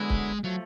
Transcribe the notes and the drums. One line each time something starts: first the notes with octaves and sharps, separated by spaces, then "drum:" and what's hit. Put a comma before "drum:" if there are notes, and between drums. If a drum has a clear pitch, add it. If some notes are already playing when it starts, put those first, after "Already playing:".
Already playing: D3 F#3 G#3 B3 E4
drum: kick C#1
F3 F#3 A3